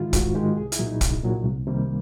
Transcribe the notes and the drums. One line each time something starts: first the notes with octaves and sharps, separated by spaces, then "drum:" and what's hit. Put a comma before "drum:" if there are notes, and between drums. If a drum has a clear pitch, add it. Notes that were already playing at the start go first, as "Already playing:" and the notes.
Already playing: G#2 D#3 G#3 E4 F4
G#2 F#4, drum: kick, hi-hat
D#3 G#3 G4
C2 G#4
E4, drum: hi-hat
A#2 F#3
D#4
C2, drum: kick, hi-hat
A#2 F#3
C2
C3 D#3 G3 A#3